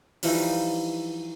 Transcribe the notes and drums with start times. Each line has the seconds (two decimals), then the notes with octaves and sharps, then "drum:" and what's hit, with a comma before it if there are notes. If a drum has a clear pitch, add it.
0.23 E3 F3 G3 D#4, drum: open hi-hat